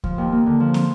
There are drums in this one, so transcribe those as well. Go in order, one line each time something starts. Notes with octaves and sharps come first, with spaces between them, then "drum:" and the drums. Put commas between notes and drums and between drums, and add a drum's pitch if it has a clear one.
F3, drum: kick C#2
D#2
A#3
D3
F3
drum: snare